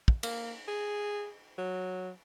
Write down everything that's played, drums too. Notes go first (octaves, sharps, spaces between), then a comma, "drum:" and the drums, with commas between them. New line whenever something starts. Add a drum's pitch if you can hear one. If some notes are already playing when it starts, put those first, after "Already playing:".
drum: kick
A#3, drum: cymbal
G#4
F#3